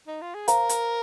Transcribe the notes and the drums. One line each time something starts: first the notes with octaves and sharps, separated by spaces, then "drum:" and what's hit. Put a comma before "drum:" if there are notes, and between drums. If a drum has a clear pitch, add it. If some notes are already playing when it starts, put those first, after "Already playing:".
D#4
F4
G#4
A#4 C5 F5 A#5, drum: hi-hat
drum: hi-hat